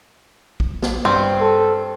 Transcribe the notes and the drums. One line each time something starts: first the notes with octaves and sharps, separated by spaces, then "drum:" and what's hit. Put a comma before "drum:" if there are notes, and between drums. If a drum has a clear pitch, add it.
drum: kick
drum: snare
G2 C4
A4